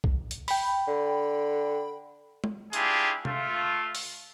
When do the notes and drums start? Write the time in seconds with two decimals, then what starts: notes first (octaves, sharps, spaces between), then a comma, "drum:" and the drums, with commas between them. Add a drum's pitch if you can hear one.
0.04 drum: kick
0.31 drum: hi-hat
0.48 G5 B5, drum: open hi-hat
0.87 D3
2.44 drum: tom
2.73 D4 E4 F4 G4 G#4, drum: hi-hat
3.25 A3 F4, drum: tom C3
3.95 drum: open hi-hat